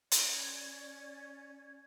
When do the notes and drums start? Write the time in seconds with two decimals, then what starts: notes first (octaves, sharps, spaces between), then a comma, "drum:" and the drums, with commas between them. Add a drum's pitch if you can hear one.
0.11 C#4 D5 G#6, drum: hi-hat